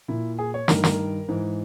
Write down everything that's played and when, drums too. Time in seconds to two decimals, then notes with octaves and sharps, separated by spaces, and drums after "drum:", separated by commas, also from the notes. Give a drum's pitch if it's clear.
0.08 A#2 E4
0.39 G#4
0.54 C#5
0.68 G2 D#3 A#4, drum: snare
0.84 A#4, drum: snare
1.28 G#2 E3